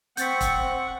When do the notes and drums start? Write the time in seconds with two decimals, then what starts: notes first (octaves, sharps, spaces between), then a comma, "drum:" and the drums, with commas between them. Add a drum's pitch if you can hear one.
0.17 C4 F#5 C#6 G6 A6 B6, drum: hi-hat
0.41 drum: kick, hi-hat